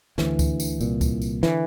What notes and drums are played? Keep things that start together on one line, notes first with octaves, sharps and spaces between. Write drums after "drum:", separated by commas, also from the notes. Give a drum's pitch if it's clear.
D2 D3 E3, drum: snare
drum: kick C#2, tambourine
drum: tambourine
C2 A#2, drum: tambourine
drum: kick C#2, tambourine
drum: tambourine
D3 E3, drum: snare